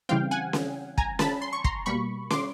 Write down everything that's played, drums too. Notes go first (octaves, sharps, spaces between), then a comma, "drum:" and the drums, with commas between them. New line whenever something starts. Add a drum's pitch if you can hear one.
C#3 E3 G3 C4 F5 G5
F#5 G#5
drum: snare C#4
G#5 A#5, drum: kick
A5 B5, drum: snare C#4
C6
C#6
A#5 C6, drum: kick
B2 G3 A#3 B5 C#6
C6 D6, drum: snare C#4